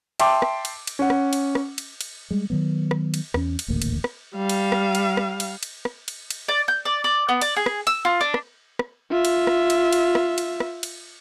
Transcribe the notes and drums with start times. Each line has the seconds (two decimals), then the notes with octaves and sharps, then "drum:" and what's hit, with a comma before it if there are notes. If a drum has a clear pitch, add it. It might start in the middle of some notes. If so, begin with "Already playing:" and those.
0.20 E5 G5 A5 C6 D6, drum: cymbal
0.42 drum: rim click
0.65 drum: cymbal
0.87 drum: cymbal
0.99 C#4 F#5
1.10 drum: rim click
1.33 drum: cymbal
1.55 drum: rim click
1.78 drum: cymbal
2.01 drum: cymbal
2.31 G3 G#3
2.50 D#3 F#3 B3
2.91 drum: rim click
3.14 drum: cymbal
3.34 E2 C#4, drum: rim click
3.59 drum: cymbal
3.68 D#1 A1 D2 A#3
3.82 drum: cymbal
4.04 drum: rim click
4.36 G3 F5
4.49 drum: cymbal
4.72 drum: rim click
4.95 drum: cymbal
5.17 drum: rim click
5.40 drum: cymbal
5.63 drum: cymbal
5.85 drum: rim click
6.08 drum: cymbal
6.30 drum: cymbal
6.48 D5
6.68 G6
6.85 D5
7.04 D5
7.29 B3
7.41 D5, drum: cymbal
7.56 G#4
7.66 drum: rim click
7.87 E6, drum: cymbal
8.05 F4
8.21 D4
8.34 drum: rim click
8.79 drum: rim click
9.11 F4 E5
9.25 drum: cymbal
9.47 drum: rim click
9.70 drum: cymbal
9.93 drum: cymbal
10.15 drum: rim click
10.38 drum: cymbal
10.60 drum: rim click
10.83 drum: cymbal